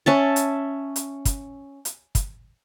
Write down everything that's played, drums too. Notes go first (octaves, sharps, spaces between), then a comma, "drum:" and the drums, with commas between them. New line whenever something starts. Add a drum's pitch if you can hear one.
C#4 E5 A5
drum: hi-hat
drum: hi-hat
drum: kick, hi-hat
drum: hi-hat
drum: kick, hi-hat